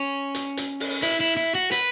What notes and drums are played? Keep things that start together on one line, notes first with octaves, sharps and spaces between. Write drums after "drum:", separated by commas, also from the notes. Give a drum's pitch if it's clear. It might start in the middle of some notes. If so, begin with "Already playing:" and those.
Already playing: C#4
drum: hi-hat
drum: hi-hat
drum: open hi-hat
E4, drum: hi-hat
E4
E4
F#4
B4, drum: hi-hat